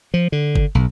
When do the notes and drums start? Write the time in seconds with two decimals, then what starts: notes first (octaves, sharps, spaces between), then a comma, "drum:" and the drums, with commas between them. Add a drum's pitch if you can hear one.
0.14 F3
0.32 D3
0.56 drum: kick G1
0.75 B1